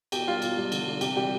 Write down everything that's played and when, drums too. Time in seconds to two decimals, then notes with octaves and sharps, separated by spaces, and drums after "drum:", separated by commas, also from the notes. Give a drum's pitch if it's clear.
0.12 B2 G4 G5, drum: cymbal
0.27 G3 F4 F5
0.42 B2, drum: cymbal
0.57 G3
0.72 D3, drum: cymbal
0.87 G3
1.01 C3 G4 G5, drum: cymbal
1.16 G3 G4 G5